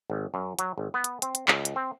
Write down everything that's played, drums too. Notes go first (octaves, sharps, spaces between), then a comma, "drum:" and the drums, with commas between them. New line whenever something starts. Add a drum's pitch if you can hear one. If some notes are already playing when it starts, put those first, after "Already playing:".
G#1
F#2
F#3, drum: hi-hat
G#1
B3
drum: hi-hat
C4, drum: hi-hat
drum: hi-hat
C#2, drum: clap
drum: hi-hat
C4